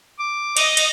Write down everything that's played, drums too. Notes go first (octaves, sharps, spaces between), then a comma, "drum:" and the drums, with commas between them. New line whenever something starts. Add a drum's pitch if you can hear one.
D6
D#5, drum: cymbal
drum: cymbal